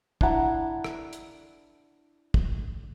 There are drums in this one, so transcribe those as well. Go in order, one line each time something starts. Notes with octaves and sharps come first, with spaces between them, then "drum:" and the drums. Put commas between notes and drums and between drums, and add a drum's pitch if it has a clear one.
D4 E4 F#5 A#5, drum: kick
drum: rim click
drum: hi-hat
drum: kick